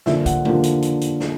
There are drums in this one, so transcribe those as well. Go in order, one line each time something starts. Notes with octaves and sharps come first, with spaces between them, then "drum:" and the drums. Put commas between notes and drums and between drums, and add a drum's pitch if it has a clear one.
D3 F3 A#3 D4 E5, drum: snare
F#5, drum: kick, hi-hat
D3 F3 A#3 D4, drum: tom G#3
drum: hi-hat
drum: hi-hat
drum: hi-hat
drum: snare